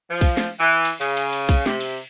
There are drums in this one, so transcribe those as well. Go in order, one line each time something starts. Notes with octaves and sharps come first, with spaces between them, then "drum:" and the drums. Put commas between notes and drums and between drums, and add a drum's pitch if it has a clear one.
F3
drum: kick B1, cymbal
drum: snare
E3
drum: cymbal
C#3, drum: cymbal
drum: cymbal
drum: cymbal
drum: kick B1, cymbal
C3, drum: snare
drum: cymbal